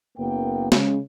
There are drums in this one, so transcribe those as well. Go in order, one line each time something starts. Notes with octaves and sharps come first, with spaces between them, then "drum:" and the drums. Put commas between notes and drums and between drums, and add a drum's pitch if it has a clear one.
F#1 A#3 B3 G5
C#3 G#3, drum: snare